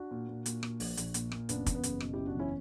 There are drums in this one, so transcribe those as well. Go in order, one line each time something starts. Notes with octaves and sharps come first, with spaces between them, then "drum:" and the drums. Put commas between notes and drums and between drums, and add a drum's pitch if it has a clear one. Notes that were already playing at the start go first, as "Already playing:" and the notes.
Already playing: D4 F#4
A#2
A#2
A#2, drum: hi-hat
A#2, drum: rim click
A#1, drum: open hi-hat
A#1, drum: hi-hat
A#2, drum: hi-hat
A#2, drum: rim click
F#1 B3 D4, drum: hi-hat
E2, drum: kick, hi-hat
B3
F#1, drum: hi-hat
B2, drum: rim click
F#1 E4 G4
D4 F#4
E2 C#4 E4